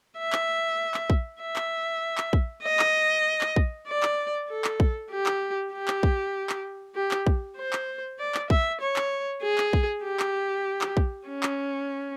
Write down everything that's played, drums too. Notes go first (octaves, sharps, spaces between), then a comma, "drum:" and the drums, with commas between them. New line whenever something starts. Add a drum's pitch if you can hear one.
E5
drum: clap
drum: clap
drum: kick
E5
drum: clap
drum: clap
drum: kick
D#5
drum: clap
drum: clap
drum: kick
D5
drum: clap
A4
drum: clap
drum: kick
G4
drum: clap
G4
drum: clap
drum: kick
drum: clap
G4
drum: clap
drum: kick
C5
drum: clap
D5
drum: clap
E5, drum: kick
C#5
drum: clap
G#4
drum: clap
drum: kick
G4
drum: clap
drum: clap
drum: kick
C#4
drum: clap